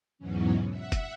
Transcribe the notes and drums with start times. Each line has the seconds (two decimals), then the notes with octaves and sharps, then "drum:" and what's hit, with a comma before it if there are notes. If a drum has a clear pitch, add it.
0.19 E2 G#2 B2 E3 F#3 C#4
0.69 E5 F#5
0.92 drum: kick, hi-hat